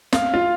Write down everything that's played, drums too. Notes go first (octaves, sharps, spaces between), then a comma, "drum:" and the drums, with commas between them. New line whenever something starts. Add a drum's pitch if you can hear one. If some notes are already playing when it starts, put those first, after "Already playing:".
F5, drum: snare
F4